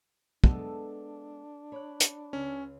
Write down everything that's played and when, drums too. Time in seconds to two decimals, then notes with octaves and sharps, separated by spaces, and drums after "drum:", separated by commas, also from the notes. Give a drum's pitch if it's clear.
0.44 G#3 B3 D4 A4 E5 A5, drum: kick
1.72 C#5 B5 D6 F#6
2.00 drum: hi-hat
2.33 C#2 C#4